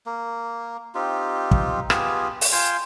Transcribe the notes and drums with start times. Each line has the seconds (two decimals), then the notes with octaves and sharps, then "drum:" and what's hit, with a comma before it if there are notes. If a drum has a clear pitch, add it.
0.06 A#3
0.95 C4 D#4 F4 G4
1.51 drum: kick
1.90 B3 F4 G4 G#4, drum: rim click
2.41 drum: open hi-hat
2.52 F4 G5 G#5 C6